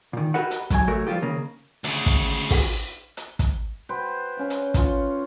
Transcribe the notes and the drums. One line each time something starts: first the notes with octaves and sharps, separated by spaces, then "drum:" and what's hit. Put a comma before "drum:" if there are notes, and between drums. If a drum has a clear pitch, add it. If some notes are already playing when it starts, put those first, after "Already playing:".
A#2 D#3
F#4 G4 A#4 B4 D#5 F#5
drum: hi-hat
B1 F#3 G#5, drum: kick, hi-hat
C2 A3 F#4 A#4 C#5
F3 G3 F4 G4
D#2 C#3 A#3
D2 C#3, drum: hi-hat
drum: kick, hi-hat
drum: kick, open hi-hat
drum: hi-hat
drum: kick, hi-hat
F#4 B4 C5 G5
C#4 F5
drum: hi-hat
C#4 F4, drum: kick, hi-hat